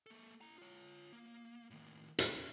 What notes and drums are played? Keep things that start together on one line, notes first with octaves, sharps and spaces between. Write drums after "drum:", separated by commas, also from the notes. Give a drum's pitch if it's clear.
A#3 A4
E4 A#5
F4 C#5
A#3
A2 D#3
drum: hi-hat
C#4